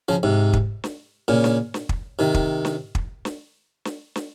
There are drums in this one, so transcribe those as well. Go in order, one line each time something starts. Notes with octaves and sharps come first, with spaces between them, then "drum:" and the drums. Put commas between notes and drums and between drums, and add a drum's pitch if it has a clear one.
C#3 F3
G#2 C3
drum: kick
drum: snare
A#2 C#3
drum: snare
drum: snare
drum: kick
C3 D#3
drum: kick
drum: snare
drum: kick
drum: snare
drum: snare
drum: snare